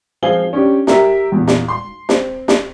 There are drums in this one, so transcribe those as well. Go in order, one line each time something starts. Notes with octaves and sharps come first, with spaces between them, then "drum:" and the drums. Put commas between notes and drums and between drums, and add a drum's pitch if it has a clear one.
F3 C4 G#4 F5 G#5 G7
C#4 D4 G4
G4 A#4 E5, drum: snare
E2 A#2
drum: snare
C6
C4, drum: snare
drum: snare